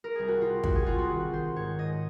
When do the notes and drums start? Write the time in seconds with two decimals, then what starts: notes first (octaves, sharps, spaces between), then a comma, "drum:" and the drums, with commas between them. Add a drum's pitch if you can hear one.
0.04 A#4
0.15 C2 G#4
0.28 F#4
0.41 C3 F4
0.64 C2 F#4, drum: kick
0.76 G#4
0.86 C3 F4
0.98 F#4
1.10 D#3
1.32 D#3 C5
1.56 G#2 C#5
1.79 G#2 D#5